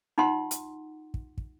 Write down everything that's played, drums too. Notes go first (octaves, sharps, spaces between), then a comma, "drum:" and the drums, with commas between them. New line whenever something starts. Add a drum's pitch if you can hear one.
D#4 F4 F#5 C6
drum: hi-hat
drum: kick
drum: kick